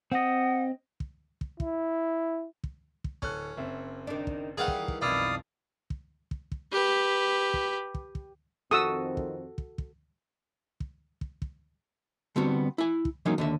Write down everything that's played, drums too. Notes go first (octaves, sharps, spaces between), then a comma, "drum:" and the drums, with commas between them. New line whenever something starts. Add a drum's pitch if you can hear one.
C4 D#5 F#5
drum: kick
drum: kick
E4, drum: kick
drum: kick
drum: kick
D1 C#4 A4 F#6, drum: kick
F#1 C4 E5
D#3 D4
drum: kick
D#3 E3 G3 G#4 F5 F#5
drum: kick
drum: kick
B1 F2 E4 D5 F5 D#6
drum: kick
drum: kick
drum: kick
G4 B4
drum: kick
drum: kick
drum: kick
F2 D#3 C4 F#4 A4 D#6 E6
drum: kick
drum: kick
drum: kick
drum: kick
drum: kick
drum: kick
D3 G3 B3 C4 F#4
E4 G#5
drum: kick
E3 F#3 G#3 A#3 C#4 D#4
D#2 D3 E5